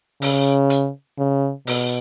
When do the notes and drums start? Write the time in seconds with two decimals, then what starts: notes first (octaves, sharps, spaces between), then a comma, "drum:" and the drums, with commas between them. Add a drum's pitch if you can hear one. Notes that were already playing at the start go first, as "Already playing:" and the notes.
0.22 C#3, drum: open hi-hat
0.70 drum: hi-hat
1.18 C#3
1.67 B2, drum: open hi-hat